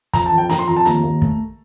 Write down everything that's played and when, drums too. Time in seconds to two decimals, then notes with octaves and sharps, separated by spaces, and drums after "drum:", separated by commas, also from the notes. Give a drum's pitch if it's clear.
0.13 F2 A#5, drum: kick, hi-hat
0.26 A5
0.32 F2
0.38 G5
0.49 F2 A#5, drum: snare
0.59 C6
0.68 F2 A#5
0.77 A5
0.85 D#2 A#5, drum: hi-hat
1.03 D#2
1.22 A3, drum: kick